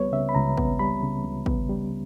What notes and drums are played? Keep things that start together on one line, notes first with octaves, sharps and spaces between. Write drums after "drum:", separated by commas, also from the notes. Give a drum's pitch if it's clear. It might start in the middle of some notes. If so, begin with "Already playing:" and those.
Already playing: C#2 G3 B3 B4 C#5
C#3 E5
B5
C#2 A#5
B3, drum: kick
G3 B5
C#3
C#2
B3, drum: kick
G3